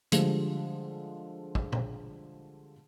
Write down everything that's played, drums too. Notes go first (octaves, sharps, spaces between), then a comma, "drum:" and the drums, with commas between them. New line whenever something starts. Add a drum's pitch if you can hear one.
D3 F3 G3 G#3, drum: hi-hat
drum: kick
drum: tom